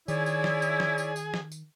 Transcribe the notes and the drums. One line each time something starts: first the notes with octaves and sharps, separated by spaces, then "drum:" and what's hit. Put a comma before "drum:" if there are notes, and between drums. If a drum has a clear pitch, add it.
D#3 E4 G#4 C#5 D5 E5, drum: tambourine
drum: tambourine
drum: snare
drum: tambourine
drum: snare
drum: tambourine
drum: tambourine
drum: snare
drum: tambourine